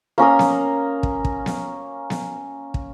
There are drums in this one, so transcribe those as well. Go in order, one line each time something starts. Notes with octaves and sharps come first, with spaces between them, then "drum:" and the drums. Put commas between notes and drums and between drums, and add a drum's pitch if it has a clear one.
A#3 C#4 A#4 D#6
drum: snare B3
drum: kick
drum: kick
drum: snare B3
drum: snare B3
drum: kick